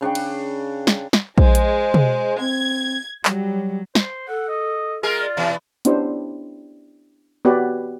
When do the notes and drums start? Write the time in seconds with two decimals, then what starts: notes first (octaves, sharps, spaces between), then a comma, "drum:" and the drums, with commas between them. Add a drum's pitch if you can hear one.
0.01 C#3 D4 C#5 G5
0.15 drum: cymbal
0.87 drum: snare
1.13 drum: snare
1.38 G#3 C5, drum: kick
1.55 drum: hi-hat
1.94 drum: tom
2.40 C4 G#6
3.25 F#3 G3, drum: clap
3.95 C5, drum: snare
4.28 A4 F#5
4.49 D#5
5.03 G#3 F4 G#4 A#4
5.20 D5
5.37 B2 E3 B3
5.85 B3 C#4 D4 E4 G4 C5, drum: hi-hat
7.45 B3 F#4 G4 B4 C#5 D5